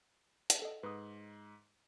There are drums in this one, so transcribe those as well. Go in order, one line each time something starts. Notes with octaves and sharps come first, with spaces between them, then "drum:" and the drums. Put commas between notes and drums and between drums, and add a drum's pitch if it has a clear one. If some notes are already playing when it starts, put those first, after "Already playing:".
drum: hi-hat
A4 D#5
G#2 B4 D#6